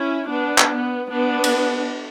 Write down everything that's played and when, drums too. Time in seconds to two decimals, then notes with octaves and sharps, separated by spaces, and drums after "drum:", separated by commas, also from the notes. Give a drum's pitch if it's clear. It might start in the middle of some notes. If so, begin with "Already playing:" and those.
Already playing: C#4 E4
0.30 B3 D4
0.58 drum: clap
0.70 B3
1.09 B3 D4
1.44 drum: cymbal